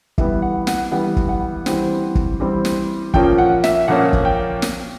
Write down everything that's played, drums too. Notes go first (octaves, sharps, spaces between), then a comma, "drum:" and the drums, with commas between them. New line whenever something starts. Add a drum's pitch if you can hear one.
E3 G3 B3 E5, drum: kick
F#5
F#5, drum: snare
E3 G3 B3 F#5
drum: kick
F#5
E3 G3 C4, drum: snare
drum: kick
E3 G3 C4
drum: snare
A#2 F3 A#3 C#4 G5, drum: kick
F#5
E5, drum: snare
A#2 F3 A#3 C#4 F#5
drum: kick
G5
drum: snare